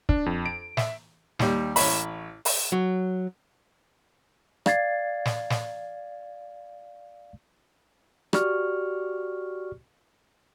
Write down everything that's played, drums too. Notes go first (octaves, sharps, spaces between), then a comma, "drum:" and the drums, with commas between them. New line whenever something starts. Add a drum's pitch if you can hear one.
D4, drum: kick
F2
D7
E5, drum: snare
D#2 G3, drum: snare
A1 C#5 B5, drum: open hi-hat
drum: open hi-hat
F#3
D5 F5 G#6 A6 C7, drum: rim click
drum: snare
drum: snare
F#4 G4 D5 C#6 F6, drum: rim click